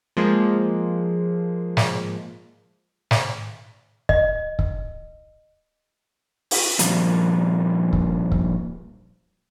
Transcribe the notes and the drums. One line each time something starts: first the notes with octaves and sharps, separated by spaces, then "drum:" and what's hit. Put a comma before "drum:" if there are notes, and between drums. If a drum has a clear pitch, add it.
F3 G#3 A#3
drum: snare
drum: snare
D#5, drum: kick
drum: kick
drum: open hi-hat
A#2 F3 G3 A#3, drum: hi-hat
drum: kick
drum: kick